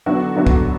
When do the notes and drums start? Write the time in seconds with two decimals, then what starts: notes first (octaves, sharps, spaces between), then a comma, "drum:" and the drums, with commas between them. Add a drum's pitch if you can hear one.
0.06 D3 F#3 B3 D4 F#4
0.35 D3 F#3 B3 D4 F#4
0.47 drum: kick